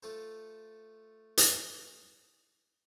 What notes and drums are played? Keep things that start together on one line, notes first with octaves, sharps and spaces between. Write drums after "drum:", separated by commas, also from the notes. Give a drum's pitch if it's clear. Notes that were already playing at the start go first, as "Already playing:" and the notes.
A3 F4 A4 C5
drum: hi-hat